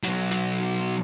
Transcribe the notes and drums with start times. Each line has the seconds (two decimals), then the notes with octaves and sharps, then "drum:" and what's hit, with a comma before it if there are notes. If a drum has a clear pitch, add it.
0.03 B1 F#3, drum: snare
0.31 drum: snare